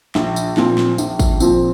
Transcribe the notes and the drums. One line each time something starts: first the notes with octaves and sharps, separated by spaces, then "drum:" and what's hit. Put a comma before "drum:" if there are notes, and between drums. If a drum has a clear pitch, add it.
A#1, drum: snare
drum: tambourine
A#2 F3 C4, drum: snare
drum: snare
A#1, drum: tambourine
drum: kick, tambourine
A#2 F3 C4, drum: tambourine